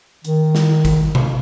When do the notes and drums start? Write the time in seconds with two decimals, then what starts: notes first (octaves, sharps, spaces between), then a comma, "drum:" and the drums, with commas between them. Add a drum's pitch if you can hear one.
0.25 D#3, drum: hi-hat
0.55 drum: snare
0.85 drum: kick, hi-hat
1.15 drum: tom B2